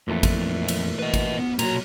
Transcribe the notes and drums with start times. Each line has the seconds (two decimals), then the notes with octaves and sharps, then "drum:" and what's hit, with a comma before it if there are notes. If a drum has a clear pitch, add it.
0.08 F2 A#2 E3 A3
0.23 drum: kick, cymbal
0.68 drum: cymbal
0.99 B4 D#5
1.14 drum: kick, cymbal
1.39 B3
1.59 B1 A#2 F#3 A#5, drum: cymbal